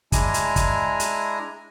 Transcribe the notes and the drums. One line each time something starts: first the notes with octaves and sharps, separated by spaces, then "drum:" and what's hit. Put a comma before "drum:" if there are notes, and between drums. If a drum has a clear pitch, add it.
G#3 D4 E4 G#5 A#5, drum: kick, hi-hat
drum: hi-hat
drum: kick, hi-hat
drum: hi-hat